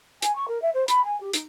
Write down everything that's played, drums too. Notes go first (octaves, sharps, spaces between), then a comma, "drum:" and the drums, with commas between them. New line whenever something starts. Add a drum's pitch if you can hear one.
G#5, drum: hi-hat
C#6
A#4
E5
C5
B5, drum: hi-hat
G#5
G4
D#4, drum: hi-hat